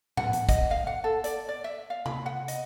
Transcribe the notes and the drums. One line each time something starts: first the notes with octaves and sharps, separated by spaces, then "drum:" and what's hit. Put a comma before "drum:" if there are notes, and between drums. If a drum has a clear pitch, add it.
F#5, drum: tom G#2
drum: hi-hat
D#5, drum: kick, hi-hat
F5
F#5
A4
D5, drum: hi-hat
D5
E5
F5
B5, drum: tom C3
F#5
D#5, drum: hi-hat